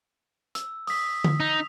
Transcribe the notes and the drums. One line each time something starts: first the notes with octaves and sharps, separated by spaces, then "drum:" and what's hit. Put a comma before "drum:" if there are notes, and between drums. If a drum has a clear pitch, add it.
E6, drum: hi-hat
D#6 B6, drum: open hi-hat
drum: tom D3
D#4 F7